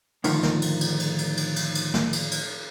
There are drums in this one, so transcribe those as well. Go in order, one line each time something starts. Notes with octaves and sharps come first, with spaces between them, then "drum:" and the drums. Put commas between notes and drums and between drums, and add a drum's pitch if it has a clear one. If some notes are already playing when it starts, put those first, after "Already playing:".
A2 D3 D#3 F3, drum: cymbal
drum: snare
drum: cymbal
drum: cymbal
drum: cymbal
drum: cymbal
drum: cymbal
drum: cymbal
drum: cymbal
drum: snare
drum: cymbal
drum: cymbal